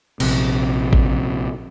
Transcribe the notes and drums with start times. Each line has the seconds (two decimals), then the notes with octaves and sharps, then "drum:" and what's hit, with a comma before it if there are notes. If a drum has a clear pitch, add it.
0.20 A#1 C3, drum: cymbal
0.93 drum: kick A1